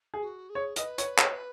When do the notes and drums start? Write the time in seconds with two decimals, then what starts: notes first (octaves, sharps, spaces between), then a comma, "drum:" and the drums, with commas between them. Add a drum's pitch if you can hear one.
0.14 G#4
0.21 F#4
0.49 G#4
0.55 C#5
0.76 B4 D#5, drum: hi-hat
0.98 C#5, drum: hi-hat
1.18 C#5, drum: clap